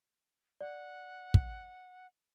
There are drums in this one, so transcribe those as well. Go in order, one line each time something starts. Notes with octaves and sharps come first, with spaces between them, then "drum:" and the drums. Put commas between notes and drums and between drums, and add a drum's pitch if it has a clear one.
D5 F#5
drum: kick